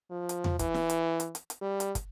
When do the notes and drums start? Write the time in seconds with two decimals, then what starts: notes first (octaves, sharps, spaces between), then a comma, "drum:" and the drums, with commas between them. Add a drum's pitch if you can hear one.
0.11 F3
0.29 drum: hi-hat
0.44 drum: tom E2
0.59 E3, drum: kick, hi-hat
0.74 drum: snare
0.90 drum: hi-hat
1.20 drum: hi-hat
1.35 drum: hi-hat
1.50 drum: hi-hat
1.62 G3
1.80 drum: hi-hat
1.95 drum: kick, hi-hat